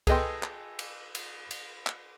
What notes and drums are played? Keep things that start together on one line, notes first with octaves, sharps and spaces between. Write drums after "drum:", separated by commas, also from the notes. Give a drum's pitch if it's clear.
G#4 A4 B4 D#5 G5 C6, drum: kick C2, cymbal
drum: clap
drum: cymbal
drum: cymbal
drum: cymbal
drum: clap